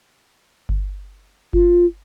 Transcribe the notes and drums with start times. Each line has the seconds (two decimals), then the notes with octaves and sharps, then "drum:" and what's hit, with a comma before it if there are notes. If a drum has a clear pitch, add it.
0.69 drum: kick G1
1.53 F4, drum: kick G1